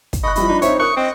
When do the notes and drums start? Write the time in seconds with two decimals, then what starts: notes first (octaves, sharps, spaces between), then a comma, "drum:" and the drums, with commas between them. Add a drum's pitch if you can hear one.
0.13 drum: kick, hi-hat
0.24 D#5 B5 C#6 F#6
0.35 F3 G3 E4 B5, drum: hi-hat
0.48 F3 D4 D#4
0.62 C4 D#4 C#5 E5, drum: hi-hat
0.80 A#4 C#6 D#6 F#6
0.97 C4 D#5